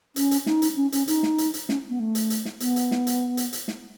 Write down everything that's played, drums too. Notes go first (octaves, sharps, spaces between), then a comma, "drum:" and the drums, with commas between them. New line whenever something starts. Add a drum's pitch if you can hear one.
C#4, drum: hi-hat
drum: hi-hat
D#4, drum: snare
drum: hi-hat
C#4
C#4, drum: hi-hat
D#4, drum: hi-hat
drum: snare
drum: hi-hat
drum: hi-hat
C#4, drum: snare
B3
A3
drum: hi-hat
drum: hi-hat
drum: snare
B3, drum: hi-hat
drum: hi-hat
drum: snare
drum: hi-hat
drum: hi-hat
drum: hi-hat
drum: snare